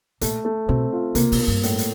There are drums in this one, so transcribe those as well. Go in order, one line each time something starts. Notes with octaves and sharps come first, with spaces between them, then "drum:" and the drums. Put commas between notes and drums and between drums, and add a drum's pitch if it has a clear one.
A#2 A3, drum: hi-hat
A3
B2 C4
F4
C3 A#3, drum: hi-hat
B2, drum: open hi-hat
A#3
G2
A2, drum: hi-hat
drum: hi-hat